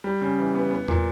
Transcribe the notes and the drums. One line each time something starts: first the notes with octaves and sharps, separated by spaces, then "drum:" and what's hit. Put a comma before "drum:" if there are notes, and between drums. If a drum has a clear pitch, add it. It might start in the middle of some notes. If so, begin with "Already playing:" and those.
G3
C#3
E3
B3
B3
A#2, drum: tom E2